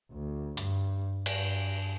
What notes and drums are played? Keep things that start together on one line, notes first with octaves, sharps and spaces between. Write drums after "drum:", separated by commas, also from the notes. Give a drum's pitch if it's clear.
D2
G2, drum: hi-hat
G2, drum: cymbal